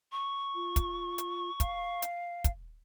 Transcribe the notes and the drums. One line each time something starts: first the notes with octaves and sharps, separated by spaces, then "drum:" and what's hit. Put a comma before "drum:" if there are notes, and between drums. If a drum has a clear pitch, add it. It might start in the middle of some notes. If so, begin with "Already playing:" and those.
C#6
F4
drum: kick, hi-hat
drum: hi-hat
F5, drum: kick, hi-hat
drum: hi-hat
drum: kick, hi-hat